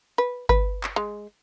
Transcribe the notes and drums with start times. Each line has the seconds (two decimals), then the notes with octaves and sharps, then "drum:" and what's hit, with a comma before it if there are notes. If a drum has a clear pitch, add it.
0.18 B4
0.49 B4, drum: kick G1
0.84 drum: clap
0.96 G#3